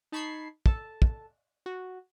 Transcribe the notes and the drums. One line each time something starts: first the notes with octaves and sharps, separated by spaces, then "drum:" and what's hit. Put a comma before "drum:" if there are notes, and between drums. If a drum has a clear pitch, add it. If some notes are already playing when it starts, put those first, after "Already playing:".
D#4 A5 B5 C#6 G#6 C7
A4 A5, drum: kick
drum: kick
F#4